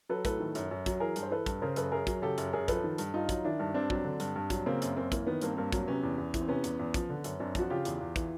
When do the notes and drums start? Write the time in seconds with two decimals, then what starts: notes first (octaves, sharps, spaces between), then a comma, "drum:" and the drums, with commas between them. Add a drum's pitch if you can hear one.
0.09 F#3 A4 B4
0.25 A2 A4 B4, drum: kick, hi-hat
0.40 D#3
0.55 F#2, drum: hi-hat
0.71 F#2
0.86 F#3, drum: kick, hi-hat
1.00 E3 G#4 A#4
1.16 G2, drum: hi-hat
1.23 C5
1.31 E3 A4 B4
1.46 G2, drum: kick, hi-hat
1.62 C#3 A#4 C5
1.76 F#2 A4 B4, drum: hi-hat
1.92 F#2 G#4 A#4
2.07 F#3, drum: kick, hi-hat
2.22 C#3 G4 A4
2.38 F#2, drum: hi-hat
2.53 F#2 G#4 A#4
2.68 F3 A4 B4, drum: kick, hi-hat
2.84 D#3
2.98 G2, drum: hi-hat
3.14 G2 D#4 F4
3.29 F#3, drum: kick, hi-hat
3.44 D#3 D4 E4
3.59 G2
3.74 G2 C4 D4
3.90 F#3, drum: kick
4.05 D3
4.20 G2, drum: hi-hat
4.36 G2
4.50 F#3, drum: kick, hi-hat
4.66 C#3 A#3 C4
4.82 F#2, drum: hi-hat
4.96 F#2 A#3 C4
5.12 E3 A#3, drum: kick, hi-hat
5.27 D#3 B3
5.42 G2 A#3 C4, drum: hi-hat
5.57 G2 A#3 C4
5.72 F#3, drum: kick, hi-hat
5.87 C3 B3 C#4
6.03 E2
6.18 E2
6.34 E3, drum: kick, hi-hat
6.41 C4
6.48 C3 B3 C#4
6.64 E2, drum: hi-hat
6.79 E2
6.94 F3, drum: kick, hi-hat
7.09 D3
7.24 F#2, drum: hi-hat
7.40 F#2 C4 D4
7.55 F3 F#4, drum: kick, hi-hat
7.70 C#3 F4 G4
7.85 E2, drum: hi-hat
8.01 E2
8.16 E3, drum: kick, hi-hat